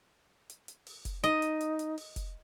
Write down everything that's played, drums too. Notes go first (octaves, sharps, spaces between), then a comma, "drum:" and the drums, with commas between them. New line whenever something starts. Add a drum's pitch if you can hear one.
drum: hi-hat
drum: hi-hat
drum: open hi-hat
drum: kick, hi-hat
D#4 D#5, drum: hi-hat
drum: hi-hat
drum: hi-hat
drum: hi-hat
drum: open hi-hat
drum: kick, hi-hat